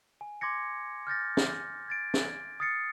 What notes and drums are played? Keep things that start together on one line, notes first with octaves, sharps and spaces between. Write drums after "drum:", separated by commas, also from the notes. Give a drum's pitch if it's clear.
G#5
C6 D6 G#6 A#6 C#7
F6 G6 A6 A#6
drum: snare
G#6 A6 D7
drum: snare
D#6 F6 A6 C7 C#7